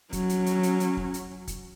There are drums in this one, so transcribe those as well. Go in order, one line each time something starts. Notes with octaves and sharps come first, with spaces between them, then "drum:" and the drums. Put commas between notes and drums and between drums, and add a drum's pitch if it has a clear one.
F#3 C#4, drum: kick, hi-hat
drum: hi-hat
drum: hi-hat
drum: hi-hat
drum: hi-hat
drum: kick
drum: hi-hat
drum: kick, hi-hat